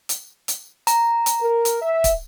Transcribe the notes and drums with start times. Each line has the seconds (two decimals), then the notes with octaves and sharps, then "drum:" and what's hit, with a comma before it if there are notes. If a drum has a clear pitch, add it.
0.09 drum: hi-hat
0.48 drum: hi-hat
0.87 A#5, drum: hi-hat
1.26 drum: hi-hat
1.40 A#4
1.65 drum: hi-hat
1.81 E5
2.04 drum: kick, hi-hat